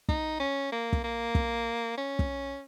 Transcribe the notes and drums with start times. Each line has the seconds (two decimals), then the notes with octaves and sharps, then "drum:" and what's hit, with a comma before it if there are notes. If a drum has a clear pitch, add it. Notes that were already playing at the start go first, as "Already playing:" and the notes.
0.09 D#4, drum: kick
0.40 C#4
0.72 A#3
0.93 drum: kick
1.04 A#3
1.35 drum: kick
1.97 C#4
2.19 drum: kick